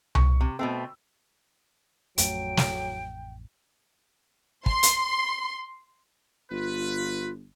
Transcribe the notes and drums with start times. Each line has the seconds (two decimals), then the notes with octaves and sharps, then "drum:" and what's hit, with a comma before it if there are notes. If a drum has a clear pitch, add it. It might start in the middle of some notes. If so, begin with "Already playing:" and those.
0.15 C#6, drum: tom C2
0.41 C3
0.59 B2 A3 C4 E6
2.18 A1 F2 F#3 A3 G5 D7, drum: hi-hat
2.57 drum: snare
4.66 C6, drum: kick
4.83 drum: hi-hat
6.51 G1 F4 B4